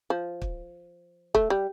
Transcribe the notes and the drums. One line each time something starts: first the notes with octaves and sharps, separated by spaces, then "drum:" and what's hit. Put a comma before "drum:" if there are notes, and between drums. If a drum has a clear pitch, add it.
F3
drum: kick
A3, drum: kick
G3